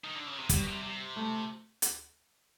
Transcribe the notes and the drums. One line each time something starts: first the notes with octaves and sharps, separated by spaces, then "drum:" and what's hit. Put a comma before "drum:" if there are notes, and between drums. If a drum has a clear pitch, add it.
D#3
D3
C#3
C3
B2 G3, drum: kick, hi-hat
C3
C3
A3
drum: hi-hat